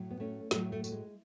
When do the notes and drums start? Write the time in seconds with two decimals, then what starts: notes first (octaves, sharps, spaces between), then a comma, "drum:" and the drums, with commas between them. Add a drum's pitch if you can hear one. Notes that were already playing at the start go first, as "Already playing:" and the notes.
Already playing: A2 F#3
0.11 B3
0.20 A3 C#4
0.51 A2 F#3 A3, drum: snare
0.72 A3
0.84 A3, drum: tambourine
0.92 G#3